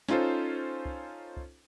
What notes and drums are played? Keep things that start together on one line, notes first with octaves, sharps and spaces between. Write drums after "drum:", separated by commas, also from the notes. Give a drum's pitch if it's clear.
C#4 D#4 F4 A4 C5, drum: snare
drum: kick
drum: kick